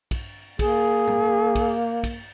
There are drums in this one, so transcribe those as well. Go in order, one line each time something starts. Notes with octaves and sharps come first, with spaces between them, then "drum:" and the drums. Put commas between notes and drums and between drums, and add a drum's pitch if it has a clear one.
drum: kick, cymbal
A#3 G#4, drum: kick, cymbal
drum: tom A2
drum: kick, cymbal
drum: kick, cymbal